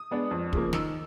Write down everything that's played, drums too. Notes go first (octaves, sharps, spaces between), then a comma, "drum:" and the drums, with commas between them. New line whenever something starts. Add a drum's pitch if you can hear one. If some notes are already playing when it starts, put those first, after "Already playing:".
Already playing: D#6
G#3 B3 D4
F2
C#3 F3 A#3, drum: kick
D#3 E6, drum: snare